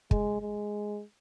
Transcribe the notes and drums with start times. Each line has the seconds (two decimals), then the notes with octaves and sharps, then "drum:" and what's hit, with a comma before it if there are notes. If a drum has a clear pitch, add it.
0.11 G#3, drum: kick
0.42 G#3